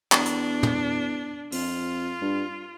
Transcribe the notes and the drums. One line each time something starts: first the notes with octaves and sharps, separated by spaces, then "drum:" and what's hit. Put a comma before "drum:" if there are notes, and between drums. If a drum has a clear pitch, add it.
E2 D4, drum: clap
drum: hi-hat
drum: tom
F2 F4, drum: open hi-hat
G2